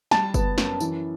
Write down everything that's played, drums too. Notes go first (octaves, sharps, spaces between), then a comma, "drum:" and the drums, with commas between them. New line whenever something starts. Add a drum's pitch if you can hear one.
G3 A5, drum: snare
B3, drum: kick F#1, tambourine
F#2, drum: snare
E3, drum: tambourine